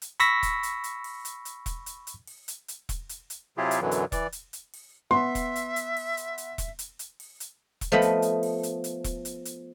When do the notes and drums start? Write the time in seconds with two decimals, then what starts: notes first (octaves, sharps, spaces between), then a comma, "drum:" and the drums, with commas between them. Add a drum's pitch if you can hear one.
0.02 drum: hi-hat
0.20 B5 C#6 E6 A#6 B6, drum: hi-hat
0.43 drum: kick E1, hi-hat
0.63 drum: hi-hat
0.84 drum: hi-hat
1.04 drum: open hi-hat
1.25 drum: hi-hat
1.45 drum: hi-hat
1.66 drum: kick E1, hi-hat
1.86 drum: hi-hat
2.07 drum: hi-hat
2.27 drum: open hi-hat
2.48 drum: hi-hat
2.68 drum: hi-hat
2.89 drum: kick E1, hi-hat
3.09 drum: hi-hat
3.30 drum: hi-hat
3.57 C3 F#3 E4 F4 G4 G#4
3.71 drum: hi-hat
3.81 F#2 B2 D3 E3 F#3
3.91 drum: hi-hat
4.12 E3 D5, drum: kick E1, hi-hat
4.32 drum: hi-hat
4.53 drum: hi-hat
4.74 drum: open hi-hat
5.11 B3 E5 C6
5.35 drum: kick E1, hi-hat
5.56 drum: hi-hat
5.76 drum: hi-hat
5.97 drum: open hi-hat
6.17 drum: hi-hat
6.38 drum: hi-hat
6.58 drum: kick E1, hi-hat
6.79 drum: hi-hat
6.99 drum: hi-hat
7.20 drum: open hi-hat
7.40 drum: hi-hat
7.81 drum: kick E1, hi-hat
7.92 F3 A3 B3 D#5 B5
8.02 drum: hi-hat
8.22 drum: hi-hat
8.43 drum: open hi-hat
8.63 drum: hi-hat
8.84 drum: hi-hat
9.04 drum: kick E1, hi-hat
9.25 drum: hi-hat
9.45 drum: hi-hat